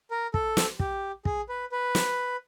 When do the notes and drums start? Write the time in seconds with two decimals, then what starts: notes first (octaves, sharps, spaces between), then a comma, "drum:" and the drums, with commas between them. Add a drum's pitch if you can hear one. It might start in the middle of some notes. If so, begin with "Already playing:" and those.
0.11 A#4
0.34 A4, drum: kick
0.57 drum: snare
0.79 G4, drum: kick
1.25 G#4, drum: kick
1.49 B4
1.72 B4
1.95 drum: snare